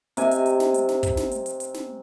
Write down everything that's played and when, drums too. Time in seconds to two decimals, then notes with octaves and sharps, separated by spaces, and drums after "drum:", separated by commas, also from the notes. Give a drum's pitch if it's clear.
0.17 C3 D#4 G#5, drum: hi-hat
0.31 drum: hi-hat
0.46 drum: hi-hat
0.60 drum: snare
0.74 drum: hi-hat
0.89 drum: snare
1.03 drum: kick, hi-hat
1.17 drum: snare
1.31 drum: hi-hat
1.46 drum: hi-hat
1.60 drum: hi-hat
1.74 drum: snare